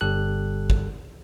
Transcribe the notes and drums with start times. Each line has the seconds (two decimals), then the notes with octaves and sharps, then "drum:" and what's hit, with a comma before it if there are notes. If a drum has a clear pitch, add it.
0.01 G1 G3 G4 A4 F#6
0.70 drum: kick